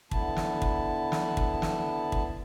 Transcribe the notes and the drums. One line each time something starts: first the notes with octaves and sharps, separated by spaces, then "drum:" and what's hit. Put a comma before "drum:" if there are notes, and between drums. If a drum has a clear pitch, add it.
D3 B3 E4 A5, drum: kick
drum: snare
drum: kick
drum: snare
drum: kick
drum: snare
drum: kick